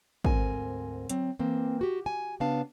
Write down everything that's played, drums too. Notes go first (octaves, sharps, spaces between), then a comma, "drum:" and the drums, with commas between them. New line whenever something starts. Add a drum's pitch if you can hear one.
D2 G#2 C4 A#4 G#5, drum: kick
F#3 C4, drum: hi-hat
E3 A#3 C4
F#4 G4
G#5
C#3 B3 D4 F5 A5